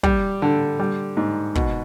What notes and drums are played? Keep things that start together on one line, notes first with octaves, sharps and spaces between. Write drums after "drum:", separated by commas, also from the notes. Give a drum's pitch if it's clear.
G3, drum: kick
D3
G3
G#2
B2, drum: kick